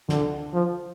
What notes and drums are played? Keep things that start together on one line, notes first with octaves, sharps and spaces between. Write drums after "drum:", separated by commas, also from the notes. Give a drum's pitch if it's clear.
D3, drum: snare
F3